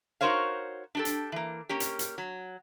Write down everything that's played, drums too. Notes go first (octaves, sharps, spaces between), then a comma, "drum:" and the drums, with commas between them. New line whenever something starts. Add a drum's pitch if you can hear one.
D#4 F#4 A#4 C5 C#5 F5
D4 G4 A4
drum: hi-hat
E3 A#3
A#3 C#4 G4
drum: hi-hat
drum: hi-hat
F#3